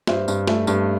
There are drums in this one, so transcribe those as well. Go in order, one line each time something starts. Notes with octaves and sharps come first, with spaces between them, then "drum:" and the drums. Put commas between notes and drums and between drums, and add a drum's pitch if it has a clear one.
G2 C5 E5, drum: snare
G2, drum: tambourine
A3, drum: snare
G2, drum: tambourine